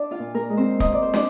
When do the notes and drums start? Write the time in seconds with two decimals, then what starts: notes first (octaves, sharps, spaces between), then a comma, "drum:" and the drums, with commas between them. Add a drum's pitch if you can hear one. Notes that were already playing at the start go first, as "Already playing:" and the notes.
Already playing: D4 D5
0.11 F4 F5
0.20 A#2
0.34 A#3 A#4
0.50 G#3
0.57 C4 C5
0.80 A#3 D#5, drum: kick
0.92 D5
1.02 C5
1.14 D4 D5, drum: snare